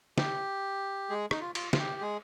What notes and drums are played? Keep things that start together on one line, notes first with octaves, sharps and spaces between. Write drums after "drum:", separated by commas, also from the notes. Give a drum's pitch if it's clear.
G4, drum: snare
G#3 G#4
D#4, drum: rim click
F4
F4, drum: cymbal
F4, drum: snare
G4
G#3 G#4